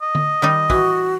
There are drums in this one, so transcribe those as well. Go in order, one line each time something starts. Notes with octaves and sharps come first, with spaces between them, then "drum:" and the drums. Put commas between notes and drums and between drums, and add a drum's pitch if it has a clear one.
D#5
drum: tom D3
D#3 G3 D#4
E3 F#4, drum: kick